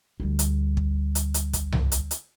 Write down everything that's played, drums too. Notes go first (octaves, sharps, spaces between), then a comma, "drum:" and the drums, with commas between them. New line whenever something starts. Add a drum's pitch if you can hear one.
D2 G3
drum: hi-hat
drum: kick
drum: hi-hat
drum: hi-hat
drum: kick, hi-hat
drum: tom C2
drum: hi-hat
drum: hi-hat